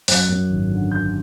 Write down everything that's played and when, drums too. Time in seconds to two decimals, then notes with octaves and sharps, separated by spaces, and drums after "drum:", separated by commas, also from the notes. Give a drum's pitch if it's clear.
0.08 F#2 F#6, drum: open hi-hat
0.29 F#2
0.50 G#1
0.71 D3
0.91 D3 G6